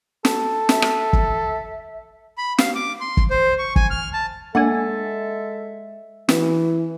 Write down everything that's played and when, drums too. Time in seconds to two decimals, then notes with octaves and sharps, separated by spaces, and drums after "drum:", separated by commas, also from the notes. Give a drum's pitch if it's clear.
0.25 A4, drum: snare
0.69 E5, drum: snare
0.82 drum: rim click
1.13 drum: kick
2.38 B5
2.58 F5, drum: snare
2.75 D6
3.01 C6
3.17 drum: kick
3.30 C5
3.58 C#6
3.76 G#5, drum: kick
3.90 F6
4.13 A5
4.55 G#3 A#3 D4 A4 E5 F#5 G#5
6.29 E3, drum: snare